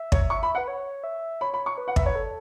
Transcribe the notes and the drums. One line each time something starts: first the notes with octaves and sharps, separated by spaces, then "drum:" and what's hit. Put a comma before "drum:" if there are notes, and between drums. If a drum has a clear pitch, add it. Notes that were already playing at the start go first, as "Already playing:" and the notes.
Already playing: E5
C#5, drum: kick
C#6
B5
F#5
B4
C#5
E5
C#5 B5
B5
C#6
B4
F#5
E5, drum: kick
C#5
A4